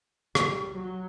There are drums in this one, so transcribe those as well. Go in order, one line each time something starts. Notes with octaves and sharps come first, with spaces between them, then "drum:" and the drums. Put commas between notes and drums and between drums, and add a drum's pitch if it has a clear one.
G3, drum: rim click
F#3